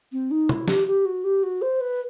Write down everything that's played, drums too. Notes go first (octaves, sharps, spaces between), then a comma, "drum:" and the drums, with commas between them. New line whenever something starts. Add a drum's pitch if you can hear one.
C4
D#4
E4, drum: tom C3
G4, drum: snare
G4
F#4
G4
F#4
C5
B4